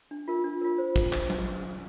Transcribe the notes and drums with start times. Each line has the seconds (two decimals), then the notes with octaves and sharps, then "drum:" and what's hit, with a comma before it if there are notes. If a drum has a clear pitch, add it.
0.11 D4
0.28 F4 A#4
0.44 D4
0.61 F4 A#4
0.78 C5
0.96 drum: kick
1.13 drum: clap
1.30 drum: tom F#3